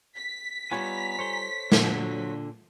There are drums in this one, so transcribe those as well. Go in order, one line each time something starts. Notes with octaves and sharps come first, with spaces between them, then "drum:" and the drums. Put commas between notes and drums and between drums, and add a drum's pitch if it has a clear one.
B6
G3 B3 F4 C#5 G#5 A#5
A4 C5 C#5
A#2 D3 F#3 D4 F#5, drum: snare